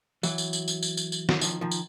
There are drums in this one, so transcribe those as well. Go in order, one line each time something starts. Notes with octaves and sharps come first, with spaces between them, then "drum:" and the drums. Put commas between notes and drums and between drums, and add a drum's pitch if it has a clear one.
E3 F#3, drum: tambourine
drum: tambourine
drum: tambourine
drum: tambourine
drum: tambourine
drum: tambourine
drum: tambourine
F#3, drum: snare
D#3 F3, drum: tambourine
D#3 F3
drum: tambourine